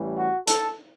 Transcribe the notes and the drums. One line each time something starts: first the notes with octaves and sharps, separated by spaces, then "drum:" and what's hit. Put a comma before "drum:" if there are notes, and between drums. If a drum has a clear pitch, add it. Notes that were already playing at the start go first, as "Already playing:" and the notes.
Already playing: A1 A2 E3 G3
F#4
A4, drum: hi-hat